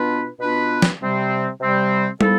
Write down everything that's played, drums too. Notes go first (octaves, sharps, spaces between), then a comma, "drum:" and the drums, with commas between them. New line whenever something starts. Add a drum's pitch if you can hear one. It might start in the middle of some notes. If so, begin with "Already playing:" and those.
Already playing: B2 B3 D4 F4 B4
B2 B3 D4 F4 B4
drum: snare
C3 G3 C4
C3 G3 C4
F3 B3 E4 A4, drum: tom